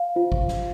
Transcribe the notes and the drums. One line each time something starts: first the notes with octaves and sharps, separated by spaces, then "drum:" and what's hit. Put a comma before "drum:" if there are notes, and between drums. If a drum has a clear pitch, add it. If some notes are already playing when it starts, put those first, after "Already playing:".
Already playing: F5
F4 C5
drum: kick
drum: snare